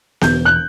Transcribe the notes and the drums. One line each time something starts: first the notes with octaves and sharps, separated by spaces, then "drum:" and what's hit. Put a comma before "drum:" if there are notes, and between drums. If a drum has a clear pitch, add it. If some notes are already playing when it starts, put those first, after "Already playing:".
E1 G6, drum: snare B3
F#6